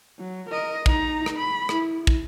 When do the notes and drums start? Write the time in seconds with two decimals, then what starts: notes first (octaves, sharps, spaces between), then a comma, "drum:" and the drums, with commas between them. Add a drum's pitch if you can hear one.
0.19 F#3
0.50 A#4 D#5
0.86 D#4 A#5, drum: kick
1.26 drum: rim click
1.37 B5
1.69 E4, drum: rim click
2.07 drum: kick